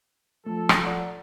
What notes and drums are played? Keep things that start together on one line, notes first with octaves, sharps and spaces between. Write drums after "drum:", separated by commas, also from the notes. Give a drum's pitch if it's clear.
F3 A3 A4
drum: rim click
D5 F#5 A#5